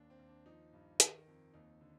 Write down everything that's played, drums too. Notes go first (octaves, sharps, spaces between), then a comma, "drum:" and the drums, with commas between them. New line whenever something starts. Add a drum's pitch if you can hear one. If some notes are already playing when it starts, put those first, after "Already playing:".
Already playing: D#2 D4
C4
D#2
D4
F3 D#4
G2
D#3, drum: hi-hat
F2
D#2 D#4
D3